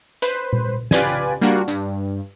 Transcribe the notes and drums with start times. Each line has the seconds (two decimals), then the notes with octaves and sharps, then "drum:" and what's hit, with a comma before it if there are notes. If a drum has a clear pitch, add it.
0.22 B4 C5, drum: hi-hat
0.53 drum: tom A#2
0.91 F4 G4 B4 D5 G#5, drum: snare
1.08 drum: tambourine
1.41 G3 A#3 D4 F4 F#4
1.68 G2, drum: tambourine